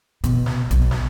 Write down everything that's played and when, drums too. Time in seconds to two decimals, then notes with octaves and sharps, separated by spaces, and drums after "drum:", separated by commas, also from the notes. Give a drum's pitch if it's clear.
0.24 B2, drum: hi-hat
0.46 drum: snare
0.71 B1, drum: kick G#1, hi-hat
0.91 drum: snare